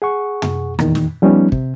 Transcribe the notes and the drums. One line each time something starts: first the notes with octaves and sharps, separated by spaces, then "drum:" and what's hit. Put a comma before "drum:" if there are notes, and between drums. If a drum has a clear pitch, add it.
G#4 F#5 C#6
drum: tom
E2 A#2 D#3, drum: rim click
drum: snare
F3 G3 B3 C#4 D#4
C3, drum: kick